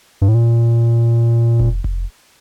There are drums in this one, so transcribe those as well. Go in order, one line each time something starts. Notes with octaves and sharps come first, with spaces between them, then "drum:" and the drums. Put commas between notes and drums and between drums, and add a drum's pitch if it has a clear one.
G2
A2
A#2
drum: kick F1
drum: kick F1